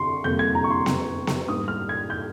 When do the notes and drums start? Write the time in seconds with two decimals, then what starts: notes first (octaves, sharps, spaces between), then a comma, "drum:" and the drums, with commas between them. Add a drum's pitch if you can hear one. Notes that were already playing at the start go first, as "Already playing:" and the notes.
Already playing: C3 C6 C#6
0.24 F2 C3 G3 A#3 G6
0.39 G#6
0.55 A#5
0.64 C#6
0.70 C6
0.86 drum: snare B3
1.27 drum: snare B3
1.48 G#2 G3 A#3 D#6
1.68 F6
1.89 G#6
2.10 G6